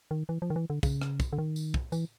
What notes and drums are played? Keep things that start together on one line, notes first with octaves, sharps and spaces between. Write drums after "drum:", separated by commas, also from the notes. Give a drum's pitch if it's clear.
D#3
E3
F3
D#3
E3
D3
C#3, drum: kick, tambourine
drum: rim click
drum: kick, tambourine
D3
D#3
drum: tambourine
drum: kick
E3, drum: tambourine